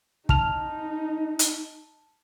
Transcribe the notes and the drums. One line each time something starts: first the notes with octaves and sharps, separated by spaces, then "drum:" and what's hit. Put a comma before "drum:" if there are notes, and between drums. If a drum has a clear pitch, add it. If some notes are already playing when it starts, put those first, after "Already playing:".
D#4 A5 F6 F7, drum: kick
drum: hi-hat